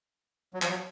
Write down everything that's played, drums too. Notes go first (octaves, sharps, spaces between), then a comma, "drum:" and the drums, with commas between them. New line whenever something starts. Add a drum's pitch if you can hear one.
F#3
F3, drum: clap
F#3